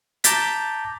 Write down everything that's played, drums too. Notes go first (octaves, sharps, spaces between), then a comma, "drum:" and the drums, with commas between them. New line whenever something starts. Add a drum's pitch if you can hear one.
A5 A#5 D6 G6 A6 B6, drum: hi-hat